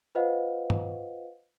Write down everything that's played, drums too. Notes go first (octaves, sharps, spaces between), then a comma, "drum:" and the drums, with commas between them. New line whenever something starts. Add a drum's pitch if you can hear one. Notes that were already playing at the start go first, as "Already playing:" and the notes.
F4 B4 C5 D#5 F5 F#5
drum: tom G2